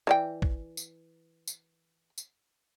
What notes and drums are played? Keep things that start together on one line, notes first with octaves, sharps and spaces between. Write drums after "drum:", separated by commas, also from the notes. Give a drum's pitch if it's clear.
E3 D5 G5
drum: kick
drum: tambourine
drum: tambourine
drum: tambourine